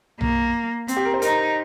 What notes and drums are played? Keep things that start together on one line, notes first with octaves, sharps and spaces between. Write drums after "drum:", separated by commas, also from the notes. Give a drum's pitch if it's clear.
A#3, drum: tom B1
C4, drum: hi-hat
G4
A#4
C5
D#4 A#4, drum: hi-hat